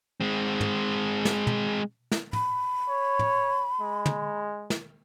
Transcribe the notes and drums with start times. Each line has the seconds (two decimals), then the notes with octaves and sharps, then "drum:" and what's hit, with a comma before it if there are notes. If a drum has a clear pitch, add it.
0.21 G#3 C4
0.61 drum: tom
1.25 drum: snare
1.47 drum: tom
2.12 drum: snare
2.33 B5, drum: tom
2.89 C#5
3.19 drum: tom
3.81 G#3
4.06 drum: tom
4.70 drum: snare